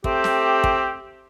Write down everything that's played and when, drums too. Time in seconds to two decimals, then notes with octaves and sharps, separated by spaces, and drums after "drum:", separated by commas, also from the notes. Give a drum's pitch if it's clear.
0.04 A3 C4 G4, drum: kick
0.24 drum: snare
0.64 drum: kick